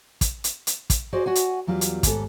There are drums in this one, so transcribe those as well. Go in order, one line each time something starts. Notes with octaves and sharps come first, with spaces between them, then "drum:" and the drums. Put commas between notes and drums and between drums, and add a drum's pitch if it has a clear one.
drum: kick, hi-hat
drum: hi-hat
drum: hi-hat
drum: kick, hi-hat
F#4 G#4 C5 D5 D#5 G#5
F#4 F#5 G#5
drum: hi-hat
E2 F#3 G3 F4 B4
drum: hi-hat
D#2 G#2 G3 A4, drum: kick, hi-hat